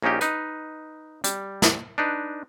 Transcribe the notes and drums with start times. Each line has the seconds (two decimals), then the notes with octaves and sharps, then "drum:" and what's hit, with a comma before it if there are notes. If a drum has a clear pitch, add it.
0.02 A#1 A#3 C#4 D#4 G4
0.21 D#4 B4, drum: hi-hat
1.24 G3, drum: hi-hat
1.62 drum: snare
1.98 D4 D#4 B4